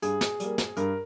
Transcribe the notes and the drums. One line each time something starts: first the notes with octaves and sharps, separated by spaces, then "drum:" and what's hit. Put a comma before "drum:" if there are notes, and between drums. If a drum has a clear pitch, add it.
G2 G#4, drum: hi-hat
drum: snare
G3 A#3, drum: hi-hat
drum: snare
G2 A#4, drum: hi-hat